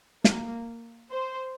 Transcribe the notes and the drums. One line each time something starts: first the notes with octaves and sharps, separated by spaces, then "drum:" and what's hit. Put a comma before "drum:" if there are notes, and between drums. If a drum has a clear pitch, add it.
A#3, drum: snare
C5